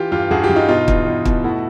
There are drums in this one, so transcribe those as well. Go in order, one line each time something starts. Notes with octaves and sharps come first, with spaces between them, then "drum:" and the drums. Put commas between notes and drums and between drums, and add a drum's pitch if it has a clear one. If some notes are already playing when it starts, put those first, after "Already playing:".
Already playing: E3 F4 G4
G2 F4 G4
G2 F#4 G#4
F4 G4
G2
D#4 F4
B2 D#4 F4
E2, drum: kick
E2
B2, drum: kick
A3 E4 F#4